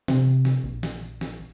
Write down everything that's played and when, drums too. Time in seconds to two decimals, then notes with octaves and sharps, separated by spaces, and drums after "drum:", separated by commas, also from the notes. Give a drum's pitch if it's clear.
0.08 C3, drum: snare
0.45 drum: snare
0.64 A#1
0.83 drum: snare
1.21 drum: snare